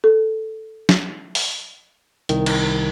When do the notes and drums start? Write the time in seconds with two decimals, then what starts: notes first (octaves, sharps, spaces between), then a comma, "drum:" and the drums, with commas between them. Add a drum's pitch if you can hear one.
0.04 A4
0.89 drum: snare
1.35 drum: open hi-hat
2.29 C2 D#3, drum: hi-hat
2.46 drum: cymbal